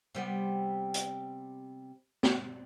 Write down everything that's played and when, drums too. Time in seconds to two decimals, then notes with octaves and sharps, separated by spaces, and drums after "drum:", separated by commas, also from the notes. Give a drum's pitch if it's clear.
0.15 C3 G3 B3
0.94 drum: hi-hat
2.23 drum: snare